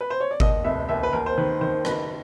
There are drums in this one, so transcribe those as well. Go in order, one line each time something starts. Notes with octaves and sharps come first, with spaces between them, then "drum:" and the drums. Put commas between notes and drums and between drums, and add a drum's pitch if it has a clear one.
B4
C5
C#5
D5
D#2 D#5, drum: kick G1
F1 E5
D#2 E5
B4
D#2 A#4
C5
D#3 B4
D#3 C5
F#1 B4, drum: rim click